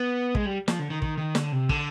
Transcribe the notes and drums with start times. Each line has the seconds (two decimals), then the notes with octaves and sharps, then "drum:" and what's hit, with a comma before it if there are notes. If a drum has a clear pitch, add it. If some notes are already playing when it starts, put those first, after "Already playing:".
Already playing: B3
0.35 G#3, drum: kick
0.46 G3
0.68 F3, drum: snare
0.79 D3
0.90 D#3
1.02 D#3, drum: kick
1.18 D#3
1.35 D3, drum: snare
1.52 C3
1.69 D3, drum: kick